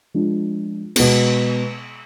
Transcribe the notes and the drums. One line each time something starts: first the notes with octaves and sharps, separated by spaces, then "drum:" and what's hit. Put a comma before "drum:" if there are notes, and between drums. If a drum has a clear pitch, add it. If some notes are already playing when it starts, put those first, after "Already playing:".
F3 G#3 D4
B2 G#3 B3, drum: cymbal